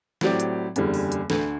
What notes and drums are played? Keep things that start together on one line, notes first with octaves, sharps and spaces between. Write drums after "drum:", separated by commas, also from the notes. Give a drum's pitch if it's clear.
A2 F#3 C4 G4 D5, drum: snare
drum: hi-hat
F#1 E2 D3 G3, drum: hi-hat
drum: open hi-hat
drum: hi-hat
D2 D3 A3, drum: snare